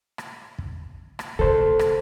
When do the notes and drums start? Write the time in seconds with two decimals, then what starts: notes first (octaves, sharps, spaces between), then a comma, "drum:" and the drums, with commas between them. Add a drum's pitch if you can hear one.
0.18 drum: rim click
0.58 drum: kick
1.19 drum: rim click
1.39 C3 A3 A4 C5
1.79 drum: rim click